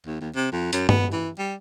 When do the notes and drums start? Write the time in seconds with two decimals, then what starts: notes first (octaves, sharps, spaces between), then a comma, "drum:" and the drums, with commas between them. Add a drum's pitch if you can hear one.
0.06 D#2
0.21 D#2
0.35 C3
0.52 F2
0.73 F#2, drum: hi-hat
0.89 B3, drum: tom G2
1.12 E3
1.38 G3